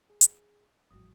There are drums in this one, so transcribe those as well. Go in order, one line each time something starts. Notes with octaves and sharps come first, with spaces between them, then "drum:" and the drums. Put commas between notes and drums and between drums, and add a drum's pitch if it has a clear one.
G#4
drum: hi-hat
A1 F2 F3 G3 F#4 D#6